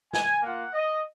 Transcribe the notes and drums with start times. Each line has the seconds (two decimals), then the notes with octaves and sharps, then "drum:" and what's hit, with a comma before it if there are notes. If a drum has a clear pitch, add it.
0.13 G#5, drum: snare
0.43 A#3 F4 F#5
0.74 D#5